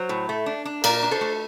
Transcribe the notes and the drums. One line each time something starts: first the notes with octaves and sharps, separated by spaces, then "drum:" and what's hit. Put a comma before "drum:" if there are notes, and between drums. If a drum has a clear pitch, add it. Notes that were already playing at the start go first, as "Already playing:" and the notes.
Already playing: F#3 C5
A2
A3
D4
D4
A#2 A#4 D5, drum: cymbal
D4
A4 C5
A3